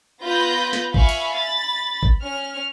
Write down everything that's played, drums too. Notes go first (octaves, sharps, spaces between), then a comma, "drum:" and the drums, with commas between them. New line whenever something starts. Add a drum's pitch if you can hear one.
B3 F4 B4 B5 G6 A#6
drum: snare
E5 F5 G#5 B5 C#6, drum: kick G#1
drum: cymbal
B5 A6
drum: kick G#1
C#4 F6